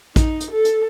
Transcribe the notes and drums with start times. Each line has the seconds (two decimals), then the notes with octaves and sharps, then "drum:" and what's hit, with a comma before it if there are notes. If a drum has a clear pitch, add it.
0.16 D#4, drum: kick, hi-hat
0.40 drum: hi-hat
0.51 A4
0.65 drum: hi-hat